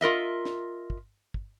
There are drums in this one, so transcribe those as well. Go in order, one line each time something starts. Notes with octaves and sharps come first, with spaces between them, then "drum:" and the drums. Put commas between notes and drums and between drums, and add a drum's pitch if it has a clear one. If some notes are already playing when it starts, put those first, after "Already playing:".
F4 A#4 D#5 E5
drum: snare
drum: kick
drum: kick